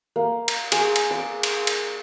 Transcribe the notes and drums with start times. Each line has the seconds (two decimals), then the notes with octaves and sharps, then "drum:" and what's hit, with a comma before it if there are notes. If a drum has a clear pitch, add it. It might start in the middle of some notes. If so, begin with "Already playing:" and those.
0.16 A#3
0.48 drum: cymbal
0.72 G#4, drum: cymbal
0.96 drum: cymbal
1.11 D6
1.43 drum: cymbal
1.67 drum: cymbal